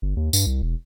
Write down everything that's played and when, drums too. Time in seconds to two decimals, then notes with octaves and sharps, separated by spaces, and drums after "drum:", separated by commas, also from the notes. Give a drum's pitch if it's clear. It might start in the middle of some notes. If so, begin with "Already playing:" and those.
0.02 G1
0.17 D#2
0.33 G2, drum: tambourine
0.46 C2
0.62 E1